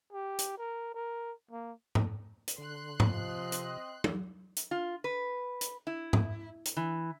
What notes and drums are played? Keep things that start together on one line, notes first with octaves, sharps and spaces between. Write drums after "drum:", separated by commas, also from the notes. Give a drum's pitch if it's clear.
G4
drum: hi-hat
A#4
A#4
A#3
drum: tom G#2
drum: hi-hat
D3 C6 F#6
drum: tom G#2
C3 F3 C4 D#5
drum: hi-hat
drum: tom
drum: hi-hat
F4
B4
drum: hi-hat
E4
drum: tom G#2
drum: hi-hat
E3